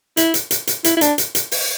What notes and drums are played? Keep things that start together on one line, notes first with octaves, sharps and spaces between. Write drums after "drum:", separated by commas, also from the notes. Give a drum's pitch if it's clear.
E4, drum: hi-hat
drum: hi-hat
drum: hi-hat
drum: hi-hat
E4, drum: hi-hat
E4
D4, drum: hi-hat
drum: hi-hat
drum: hi-hat
drum: open hi-hat